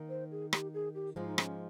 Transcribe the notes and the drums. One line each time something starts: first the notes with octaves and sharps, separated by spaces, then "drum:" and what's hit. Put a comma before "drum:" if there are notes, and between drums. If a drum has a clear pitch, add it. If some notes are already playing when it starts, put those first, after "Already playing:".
Already playing: D#3 A#3 D#4
C5
G#4
G4, drum: rim click
G#4
G4
G#2 F3 G#3 F4
D#4
C#4, drum: rim click